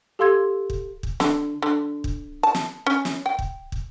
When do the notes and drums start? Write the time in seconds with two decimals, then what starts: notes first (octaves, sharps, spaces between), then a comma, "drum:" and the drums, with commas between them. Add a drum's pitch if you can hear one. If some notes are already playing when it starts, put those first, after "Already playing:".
0.19 G4 A4 F5 C6 E6 G#6
0.70 drum: kick
1.03 drum: kick
1.20 D3, drum: snare
1.62 D3
2.04 drum: kick
2.43 A5
2.55 drum: snare
2.86 C#4
3.05 drum: snare
3.26 G5
3.39 drum: kick
3.72 drum: kick